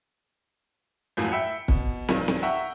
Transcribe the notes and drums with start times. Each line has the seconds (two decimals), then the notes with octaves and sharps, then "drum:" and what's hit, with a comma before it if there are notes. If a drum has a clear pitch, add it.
1.17 C#2 F#2 A2 F3 F#3
1.32 E5 G5 B5 E6 C#7
1.68 B2, drum: kick
2.09 B1 G2 D#3 F3, drum: snare
2.28 drum: snare
2.42 E5 F#5 G5 A#5 C#6